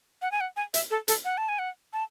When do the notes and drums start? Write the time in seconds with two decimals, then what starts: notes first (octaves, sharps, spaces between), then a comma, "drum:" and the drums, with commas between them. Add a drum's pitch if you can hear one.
0.22 F#5
0.32 G#5
0.41 F#5
0.57 G#5
0.74 E5, drum: hi-hat
0.91 A4
1.08 A4, drum: hi-hat
1.25 F#5
1.38 A5
1.49 G#5
1.59 F#5
1.93 A5